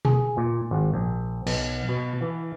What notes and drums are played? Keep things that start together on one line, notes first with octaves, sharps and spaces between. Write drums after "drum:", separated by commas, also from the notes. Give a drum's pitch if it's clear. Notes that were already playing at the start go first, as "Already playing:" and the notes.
G#4, drum: tom B2
A#2
G#1
A#1
B1, drum: cymbal
B2
E3